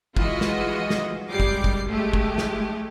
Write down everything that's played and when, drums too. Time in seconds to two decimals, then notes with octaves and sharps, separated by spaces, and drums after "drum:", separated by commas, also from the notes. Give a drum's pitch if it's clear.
0.17 E3 G#3 F4 F#4 D#5, drum: kick
0.41 drum: snare
0.90 drum: snare
1.29 F#2 G3 G#3 D6 C7
1.40 drum: kick
1.64 drum: kick
1.89 G#3 A3 G4
2.13 drum: kick
2.38 drum: snare